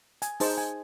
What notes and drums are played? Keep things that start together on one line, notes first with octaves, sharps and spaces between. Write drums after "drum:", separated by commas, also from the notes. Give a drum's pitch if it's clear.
G#5, drum: hi-hat
D#4 G#4 C5 A5, drum: open hi-hat
G#5